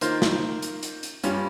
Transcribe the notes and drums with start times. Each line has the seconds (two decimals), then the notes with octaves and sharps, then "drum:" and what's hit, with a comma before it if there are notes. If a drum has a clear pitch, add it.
0.01 D#3 A#3 F4 C5, drum: hi-hat
0.22 drum: snare
0.62 drum: hi-hat
0.83 drum: hi-hat
1.03 drum: hi-hat
1.23 G2 G3 C#4 F4, drum: hi-hat